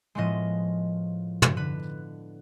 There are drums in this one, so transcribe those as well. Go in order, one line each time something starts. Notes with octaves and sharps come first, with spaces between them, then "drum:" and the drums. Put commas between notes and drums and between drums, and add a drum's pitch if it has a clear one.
A2 F3 G#3 B3 D#5
drum: tom
D3 B4